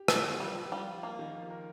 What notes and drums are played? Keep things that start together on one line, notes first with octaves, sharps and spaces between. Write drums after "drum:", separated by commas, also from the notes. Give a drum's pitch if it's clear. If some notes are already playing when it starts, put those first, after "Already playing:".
Already playing: G4
F3 C4, drum: rim click
F3
F3 G3
F3
G3 F4
F4
A#3 F4
D#3
F3
A#4